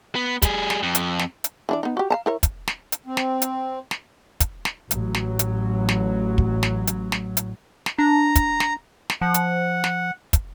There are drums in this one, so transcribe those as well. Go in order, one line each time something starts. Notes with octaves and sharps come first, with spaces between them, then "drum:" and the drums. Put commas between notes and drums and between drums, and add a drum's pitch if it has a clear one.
B3
G3 G#4, drum: kick, hi-hat
drum: snare
F2
drum: hi-hat
drum: snare
drum: hi-hat
E3 D4 D5
B3 D#4
F#4 G4
F5 A5 A#5
E4 A#4 C#5
drum: kick, hi-hat
drum: snare
drum: hi-hat
C4
drum: snare
drum: hi-hat
drum: snare
drum: kick, hi-hat
drum: snare
A1 F#3, drum: hi-hat
drum: snare
drum: hi-hat
drum: snare
drum: kick
drum: snare
drum: hi-hat
drum: snare
drum: hi-hat
drum: snare
D4 A#5
drum: kick, hi-hat
drum: snare
drum: snare
F3 F#5
drum: hi-hat
drum: snare
drum: kick, hi-hat